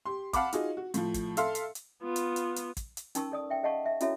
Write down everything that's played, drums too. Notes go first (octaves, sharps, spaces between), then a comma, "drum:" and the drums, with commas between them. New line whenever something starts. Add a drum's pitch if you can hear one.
G4 C6
F5 F#5 A5 B5 D6, drum: kick, hi-hat
D#4 F4 F#4 G#4, drum: hi-hat
F#4
A2 F3, drum: hi-hat
drum: kick, hi-hat
A4 E5 F5 C6, drum: hi-hat
drum: hi-hat
drum: hi-hat
B3 F4
drum: hi-hat
drum: hi-hat
drum: hi-hat
drum: kick, hi-hat
drum: hi-hat
C#4 D#4 A#4 A5 C#6 E6, drum: hi-hat
A4 D5 D#6
E5 G5
G#4 D#5 F5 F#5 A5 C#6
E5
C#4 E4 F#4 A4 C#5 E5, drum: hi-hat